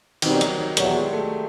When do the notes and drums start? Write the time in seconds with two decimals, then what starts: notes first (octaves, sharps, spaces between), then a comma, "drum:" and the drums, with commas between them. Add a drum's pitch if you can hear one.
0.22 B2 D#3 G3 C4 D#4, drum: cymbal
0.41 F#3, drum: hi-hat
0.59 F#3
0.77 E2 B2 F#3 G3, drum: hi-hat
0.94 G#3
1.13 A3